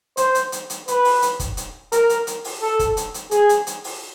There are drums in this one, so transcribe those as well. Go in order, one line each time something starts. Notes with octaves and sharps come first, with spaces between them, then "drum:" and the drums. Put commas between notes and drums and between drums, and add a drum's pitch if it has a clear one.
C5, drum: hi-hat
drum: hi-hat
drum: hi-hat
drum: hi-hat
B4, drum: hi-hat
drum: open hi-hat
drum: hi-hat
drum: kick, hi-hat
drum: hi-hat
A#4, drum: hi-hat
drum: hi-hat
drum: hi-hat
drum: open hi-hat
A4
drum: kick, hi-hat
drum: hi-hat
drum: hi-hat
G#4, drum: hi-hat
drum: hi-hat
drum: hi-hat
drum: open hi-hat